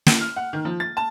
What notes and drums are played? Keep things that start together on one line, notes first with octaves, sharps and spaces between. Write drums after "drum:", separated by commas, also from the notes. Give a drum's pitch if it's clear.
drum: snare
F6
F#5
D#3
F3
A6
A5